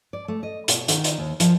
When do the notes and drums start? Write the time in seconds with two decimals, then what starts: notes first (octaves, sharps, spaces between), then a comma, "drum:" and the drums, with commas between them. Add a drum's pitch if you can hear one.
0.13 D5
0.28 A3
0.43 D#5
0.68 B2, drum: hi-hat
0.88 D#3, drum: hi-hat
1.04 drum: hi-hat
1.18 D#2
1.40 F3, drum: hi-hat